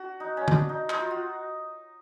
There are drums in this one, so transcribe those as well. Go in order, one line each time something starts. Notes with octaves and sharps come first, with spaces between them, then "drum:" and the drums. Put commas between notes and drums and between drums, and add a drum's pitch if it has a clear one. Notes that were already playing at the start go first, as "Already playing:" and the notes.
Already playing: D4 F#4
D#4
C#4
D4, drum: tom
D#4
D#4, drum: clap
F4
F#4